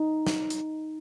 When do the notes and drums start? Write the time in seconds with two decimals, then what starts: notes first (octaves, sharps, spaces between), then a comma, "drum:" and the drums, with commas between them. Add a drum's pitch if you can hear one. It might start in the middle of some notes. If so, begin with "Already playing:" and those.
Already playing: D#4
0.27 drum: snare
0.50 drum: hi-hat